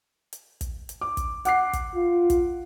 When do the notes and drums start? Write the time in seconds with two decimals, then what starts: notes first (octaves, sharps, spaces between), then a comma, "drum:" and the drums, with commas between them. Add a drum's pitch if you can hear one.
0.33 drum: hi-hat
0.61 drum: kick, hi-hat
0.89 drum: hi-hat
1.01 D6
1.17 drum: kick, hi-hat
1.45 F#5 D6 C7, drum: hi-hat
1.73 drum: kick, hi-hat
1.95 F4
2.30 drum: kick, hi-hat